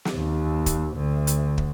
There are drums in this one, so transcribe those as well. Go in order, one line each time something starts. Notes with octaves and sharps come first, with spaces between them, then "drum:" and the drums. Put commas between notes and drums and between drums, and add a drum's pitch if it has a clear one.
drum: snare
D#2
drum: kick, hi-hat
D2
drum: hi-hat
drum: kick